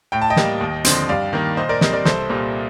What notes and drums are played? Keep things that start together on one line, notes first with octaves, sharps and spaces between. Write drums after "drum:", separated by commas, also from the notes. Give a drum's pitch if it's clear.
A2 G5
A5
D#5 G5
G3 A#3, drum: snare
D#2
D3 F3 C4, drum: hi-hat
G2 D5 F5
D#3 A#3
A#2 C5 D#5
A#4 D5
G3 C4 C5 D#5, drum: snare
A#4 D5
C2 A4 C5, drum: snare
A#2 G3 A#3